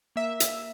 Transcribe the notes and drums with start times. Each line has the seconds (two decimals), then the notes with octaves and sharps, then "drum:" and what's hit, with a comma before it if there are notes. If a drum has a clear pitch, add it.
0.16 A#3 E5
0.40 drum: hi-hat